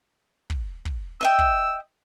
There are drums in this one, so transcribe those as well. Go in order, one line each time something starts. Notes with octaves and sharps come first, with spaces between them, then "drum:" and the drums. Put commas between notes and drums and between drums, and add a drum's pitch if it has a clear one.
drum: kick
drum: kick
D#5 E5 G5 E6
drum: kick